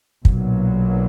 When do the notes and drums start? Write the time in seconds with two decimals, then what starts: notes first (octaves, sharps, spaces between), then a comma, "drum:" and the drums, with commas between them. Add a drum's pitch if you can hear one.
0.25 B1 A#2 F#3, drum: kick